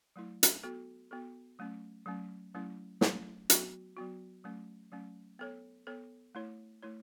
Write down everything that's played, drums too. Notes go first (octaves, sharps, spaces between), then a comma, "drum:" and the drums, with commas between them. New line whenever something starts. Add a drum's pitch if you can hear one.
F#3 A3 E4
drum: hi-hat
B3 F#4 A4
B3 F#4 A4
F#3 A3 C#4
F#3 A3 C#4
F#3 A3 C#4 E4
F#3 A3 C#4 E4, drum: snare
F#3 B3 F#4, drum: hi-hat
F#3 B3 F#4
F#3 A3 C#4
F#3 A3 C#4
B3 A4 C#5
B3 A4 C#5
A3 E4 C#5
A3 E4 C#5